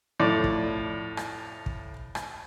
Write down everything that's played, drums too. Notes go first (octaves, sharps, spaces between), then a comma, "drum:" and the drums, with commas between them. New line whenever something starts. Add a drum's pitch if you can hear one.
F2 A2 D5
drum: kick
drum: rim click
drum: kick
drum: rim click